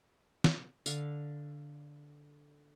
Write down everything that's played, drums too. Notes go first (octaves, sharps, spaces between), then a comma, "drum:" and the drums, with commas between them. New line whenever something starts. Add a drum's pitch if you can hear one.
drum: snare
D3 F5, drum: tambourine